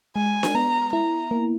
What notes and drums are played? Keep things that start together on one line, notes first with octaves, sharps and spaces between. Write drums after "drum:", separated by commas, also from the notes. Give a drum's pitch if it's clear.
G#3 G#5
drum: snare D4
B3 A#5
E4 A#5
A#3